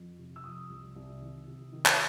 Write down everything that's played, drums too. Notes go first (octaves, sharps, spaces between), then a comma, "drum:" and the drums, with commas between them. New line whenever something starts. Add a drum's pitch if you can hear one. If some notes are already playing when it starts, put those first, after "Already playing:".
Already playing: F2
C3
E6
F3 D#6
C2
C2
D#3
C3
D#3
drum: clap